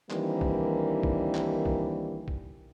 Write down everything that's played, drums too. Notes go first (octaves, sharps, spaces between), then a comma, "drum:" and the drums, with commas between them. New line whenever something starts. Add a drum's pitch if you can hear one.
D#3 E3 G3 A#3 C4 D4, drum: clap
drum: kick A#1
drum: kick A#1
drum: clap
drum: kick A#1
drum: kick A#1